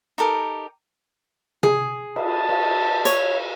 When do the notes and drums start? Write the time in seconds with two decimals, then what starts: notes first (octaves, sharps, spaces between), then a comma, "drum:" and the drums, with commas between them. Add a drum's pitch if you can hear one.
0.18 D#4 G4 A4 A#4
1.63 G#4, drum: tom C3
2.16 A5, drum: cymbal
2.49 drum: cymbal
3.05 C#5, drum: hi-hat